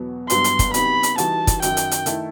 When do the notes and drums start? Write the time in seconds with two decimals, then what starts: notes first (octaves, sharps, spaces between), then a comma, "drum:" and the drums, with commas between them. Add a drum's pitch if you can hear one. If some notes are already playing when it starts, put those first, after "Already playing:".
Already playing: E2 B2 F#3 B3
0.30 G2 F#3 B3 C6, drum: hi-hat
0.44 drum: hi-hat
0.59 drum: kick, hi-hat
0.74 C3 F#3 B3 D#4 G4 B5, drum: hi-hat
1.03 drum: hi-hat
1.18 E3 G3 D#4 F#4 A5, drum: hi-hat
1.47 drum: kick, hi-hat
1.62 F#2 D#3 F#3 G5, drum: hi-hat
1.77 drum: hi-hat
1.91 drum: hi-hat
2.06 D#3 A3 E4 A4, drum: hi-hat